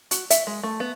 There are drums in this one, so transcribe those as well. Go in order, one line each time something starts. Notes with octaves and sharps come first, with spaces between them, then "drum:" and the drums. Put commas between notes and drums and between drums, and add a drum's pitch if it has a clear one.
F#4, drum: hi-hat
E5, drum: hi-hat
G#3
A3
B3